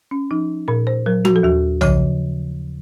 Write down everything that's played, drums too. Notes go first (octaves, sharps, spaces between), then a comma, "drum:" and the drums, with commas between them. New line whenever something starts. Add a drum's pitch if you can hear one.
C#4
F3 D#4
A#2 A#4
C5
F#3 A#4
F#4, drum: tom F3
A4
D#2 F#4
C#3 F3 C#5, drum: tom